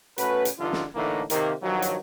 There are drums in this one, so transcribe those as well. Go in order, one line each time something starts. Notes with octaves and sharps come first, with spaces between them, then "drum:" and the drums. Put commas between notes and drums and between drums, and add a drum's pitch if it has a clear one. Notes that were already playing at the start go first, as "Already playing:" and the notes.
A3 C#4 F#4 B4, drum: hi-hat
drum: hi-hat
G2 D3 E3 D#4 F4
drum: snare
A2 D3 E3 A3 A#3 D#4
C3 D#3 A#3, drum: hi-hat
G2 D#3 F3 F#3
drum: hi-hat